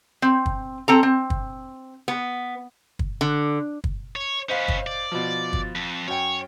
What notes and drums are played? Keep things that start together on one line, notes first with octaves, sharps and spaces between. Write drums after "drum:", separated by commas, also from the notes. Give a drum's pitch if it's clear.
C4
drum: kick
C4 A4 A#5
C4
drum: kick
B3
drum: kick
D3
drum: kick
C#5
C#4 B4 C5 D#5 F5
drum: kick
D5
B2 F3
drum: kick
F2
F#2 C#5 G5